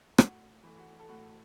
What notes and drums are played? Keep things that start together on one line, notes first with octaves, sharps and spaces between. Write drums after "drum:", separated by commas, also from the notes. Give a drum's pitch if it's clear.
A2 F#4, drum: rim click
E3 A3
F#4
A4
A2 F#4